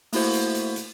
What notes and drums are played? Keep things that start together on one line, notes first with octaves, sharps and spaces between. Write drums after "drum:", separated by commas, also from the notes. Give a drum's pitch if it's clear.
A3 A#3 E4 F#4 C5, drum: open hi-hat
drum: hi-hat
drum: hi-hat
drum: hi-hat